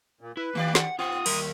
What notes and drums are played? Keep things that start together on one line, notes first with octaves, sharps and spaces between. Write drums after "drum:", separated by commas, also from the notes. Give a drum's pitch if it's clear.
A#2
E4 B4
D#3 A#3 G4 D5 F5
F#5, drum: snare
B3 F4 F#5 D#6
D#2 F#3 A#4, drum: open hi-hat